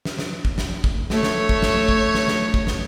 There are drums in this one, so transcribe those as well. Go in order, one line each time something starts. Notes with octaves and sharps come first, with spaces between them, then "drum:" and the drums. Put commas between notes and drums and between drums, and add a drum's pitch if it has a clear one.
drum: snare
drum: snare
drum: kick
drum: snare
drum: kick
A3 C#5, drum: snare
drum: snare
drum: kick
drum: snare
drum: kick
drum: snare
drum: snare
drum: kick
drum: snare